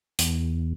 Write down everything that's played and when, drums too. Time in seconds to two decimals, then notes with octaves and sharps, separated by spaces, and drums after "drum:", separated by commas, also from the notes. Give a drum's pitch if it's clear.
0.19 E2, drum: hi-hat